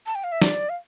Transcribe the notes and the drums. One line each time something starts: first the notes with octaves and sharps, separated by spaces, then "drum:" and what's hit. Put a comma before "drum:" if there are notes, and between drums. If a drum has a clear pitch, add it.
A5
G5
F5
E5
D5, drum: snare
F5